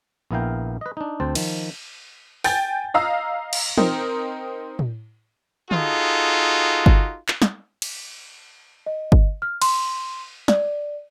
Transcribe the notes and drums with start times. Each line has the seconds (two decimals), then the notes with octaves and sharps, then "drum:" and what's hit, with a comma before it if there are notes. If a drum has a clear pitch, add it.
0.31 A#1 B3 E4 A#4 F5 G5
0.81 B4 D#5
0.97 D4 D#4
1.20 D2 C4 C5 A5
1.35 D#3 F3, drum: cymbal
2.44 G5 G#5 G6 A6, drum: open hi-hat
2.94 D#5 F5 A#5 E6
3.53 drum: cymbal
3.78 C4 D#4 A#4, drum: tom
4.79 drum: tom
5.71 D#4 F4 F#4 G#4 A4, drum: tom D3
6.86 drum: kick G1
7.28 drum: clap
7.42 drum: snare
7.82 drum: cymbal
8.86 D#5
9.12 drum: kick G1
9.42 F6
9.62 C6, drum: cymbal
10.48 D5, drum: snare